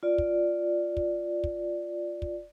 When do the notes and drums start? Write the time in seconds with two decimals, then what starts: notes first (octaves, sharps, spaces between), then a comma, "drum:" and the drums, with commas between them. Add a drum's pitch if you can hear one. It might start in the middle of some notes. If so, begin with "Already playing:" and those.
0.03 F4 D5
0.18 drum: kick
0.97 drum: kick
1.44 drum: kick
2.22 drum: kick